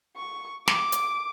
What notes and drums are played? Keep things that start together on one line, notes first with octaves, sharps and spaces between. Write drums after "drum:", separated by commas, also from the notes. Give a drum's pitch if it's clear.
C#6
D6, drum: snare
drum: hi-hat